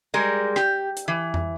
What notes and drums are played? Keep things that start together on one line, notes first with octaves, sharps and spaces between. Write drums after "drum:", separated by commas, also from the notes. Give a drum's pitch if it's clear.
G3 G#3 A#4
G4, drum: rim click
drum: hi-hat
E3
drum: tom F2